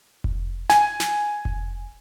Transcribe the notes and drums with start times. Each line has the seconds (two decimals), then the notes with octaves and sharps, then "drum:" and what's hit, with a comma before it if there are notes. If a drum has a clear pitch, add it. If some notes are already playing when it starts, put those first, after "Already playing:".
0.24 drum: kick F1
0.70 G#5, drum: snare
1.00 drum: snare
1.45 drum: kick F1